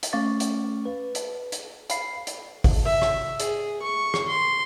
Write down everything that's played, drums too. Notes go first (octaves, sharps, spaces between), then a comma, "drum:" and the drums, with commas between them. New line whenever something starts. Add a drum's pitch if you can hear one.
drum: hi-hat
A3 C#4 F5 C#6 D6 A6
drum: hi-hat
B4
drum: hi-hat
drum: hi-hat
F5 B5 C7, drum: hi-hat
drum: hi-hat
drum: kick G#1, open hi-hat
E5
drum: rim click
G#4, drum: hi-hat
C#6
drum: rim click
C6